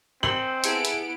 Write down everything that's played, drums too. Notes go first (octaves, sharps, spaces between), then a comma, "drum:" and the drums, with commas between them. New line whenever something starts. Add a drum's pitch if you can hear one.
C4 D#4 G#5 E6 F#7
B3 E4 G#4 A4 D7, drum: hi-hat
drum: hi-hat